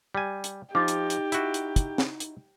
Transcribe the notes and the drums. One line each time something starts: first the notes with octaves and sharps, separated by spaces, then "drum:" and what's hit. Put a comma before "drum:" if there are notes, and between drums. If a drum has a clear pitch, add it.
G3 G#5
drum: hi-hat
F3 D#4 G4 D6 A6
drum: hi-hat
drum: hi-hat
E4 F#4, drum: hi-hat
drum: hi-hat
drum: kick, hi-hat
drum: snare
drum: hi-hat